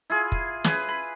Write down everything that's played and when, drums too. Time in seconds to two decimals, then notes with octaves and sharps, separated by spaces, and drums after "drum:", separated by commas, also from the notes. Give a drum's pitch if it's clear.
0.10 E4 F4 G#4
0.32 drum: kick
0.64 G#4 B4, drum: snare
0.89 B5